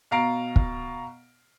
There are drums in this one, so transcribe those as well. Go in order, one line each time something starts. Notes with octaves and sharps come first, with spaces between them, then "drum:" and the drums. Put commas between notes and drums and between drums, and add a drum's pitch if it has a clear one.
B2 F5 A#5 C7 D7
drum: kick